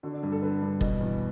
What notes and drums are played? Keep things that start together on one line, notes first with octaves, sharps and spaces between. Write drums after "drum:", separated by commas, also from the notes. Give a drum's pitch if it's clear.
D3 F#4
D4
G2
A4
D3 B4
G2
B2, drum: kick
E2